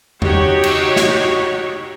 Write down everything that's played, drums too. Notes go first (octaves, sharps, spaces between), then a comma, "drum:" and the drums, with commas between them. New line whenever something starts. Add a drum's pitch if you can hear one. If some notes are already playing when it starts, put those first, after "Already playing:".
D#4 F#4 G4 C#5, drum: tom E2
drum: cymbal
drum: snare